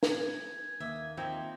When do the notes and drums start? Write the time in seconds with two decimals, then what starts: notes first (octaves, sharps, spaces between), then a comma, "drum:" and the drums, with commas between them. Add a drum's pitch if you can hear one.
0.03 G#5, drum: snare
0.80 D#2 A#3 D#5 E5
1.17 F3 C4 D#4 E5